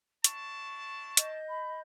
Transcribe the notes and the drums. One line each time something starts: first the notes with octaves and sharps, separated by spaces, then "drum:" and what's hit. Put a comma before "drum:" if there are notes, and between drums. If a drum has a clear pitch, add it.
D4 E4 A5 C#6, drum: hi-hat
D#5 G6, drum: hi-hat
B5